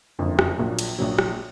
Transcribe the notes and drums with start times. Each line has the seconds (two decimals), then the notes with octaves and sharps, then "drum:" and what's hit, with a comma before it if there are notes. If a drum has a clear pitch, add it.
0.19 F#1 F2 D3
0.39 drum: rim click
0.58 A#1 A#2 F#3
0.79 drum: cymbal
0.98 A#1 A#2 F#3
1.19 drum: rim click